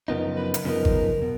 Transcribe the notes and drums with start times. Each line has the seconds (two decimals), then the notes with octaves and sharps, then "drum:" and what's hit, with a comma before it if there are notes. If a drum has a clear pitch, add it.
0.08 F#2 C#3 F3 B3 D#4 A#4
0.36 B4
0.54 drum: hi-hat
0.64 F#2 C#3 F3 B3 D#4 A#4
0.85 drum: kick G#1
1.22 B2